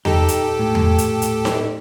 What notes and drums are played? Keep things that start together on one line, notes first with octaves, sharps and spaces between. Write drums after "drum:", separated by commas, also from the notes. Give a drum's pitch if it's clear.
D#4 G4 A4, drum: tom E2
drum: hi-hat
A2
drum: tom E2
drum: hi-hat
drum: hi-hat
drum: snare D#4